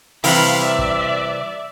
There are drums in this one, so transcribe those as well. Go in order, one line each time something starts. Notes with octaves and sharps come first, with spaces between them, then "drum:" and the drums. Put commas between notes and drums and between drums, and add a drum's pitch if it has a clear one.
C3 E3 G3 F5 B5, drum: open hi-hat
D5 E5
drum: kick